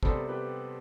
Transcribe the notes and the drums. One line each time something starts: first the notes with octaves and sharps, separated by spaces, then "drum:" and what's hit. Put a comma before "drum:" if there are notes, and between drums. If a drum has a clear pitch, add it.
C3 G3 B3 D4 A4 C5, drum: kick
G4 B4